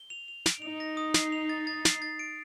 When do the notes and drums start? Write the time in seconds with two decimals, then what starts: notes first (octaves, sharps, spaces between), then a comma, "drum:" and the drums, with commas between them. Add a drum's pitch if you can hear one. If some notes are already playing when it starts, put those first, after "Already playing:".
Already playing: G7
0.10 F7
0.28 F7
0.46 D7, drum: snare
0.62 D#4 F7
0.80 A#6
0.97 D#6
1.14 C7, drum: snare
1.32 F7
1.49 A6
1.67 A6
1.85 C7, drum: snare
2.02 A6
2.19 D7